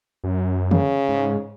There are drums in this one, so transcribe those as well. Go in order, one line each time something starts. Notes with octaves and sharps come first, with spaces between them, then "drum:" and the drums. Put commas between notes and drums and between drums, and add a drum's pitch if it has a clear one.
F#2
C#3, drum: tom D3
G#2